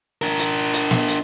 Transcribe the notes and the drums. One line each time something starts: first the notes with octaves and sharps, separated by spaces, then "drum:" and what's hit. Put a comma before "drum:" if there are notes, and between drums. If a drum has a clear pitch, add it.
D4 A#4
drum: hi-hat
drum: hi-hat
drum: snare
drum: hi-hat